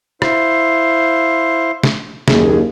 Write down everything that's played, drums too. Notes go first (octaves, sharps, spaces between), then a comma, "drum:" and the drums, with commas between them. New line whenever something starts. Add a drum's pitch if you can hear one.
E4 C5 F5, drum: rim click
drum: snare
F#1 D#2 G#4, drum: snare